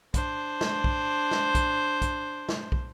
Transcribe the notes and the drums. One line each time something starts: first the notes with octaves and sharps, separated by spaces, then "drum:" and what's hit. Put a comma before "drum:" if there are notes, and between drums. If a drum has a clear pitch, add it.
D4 C5, drum: kick, hi-hat
drum: snare
drum: kick
drum: snare
drum: kick, hi-hat
drum: kick, hi-hat
drum: snare
drum: kick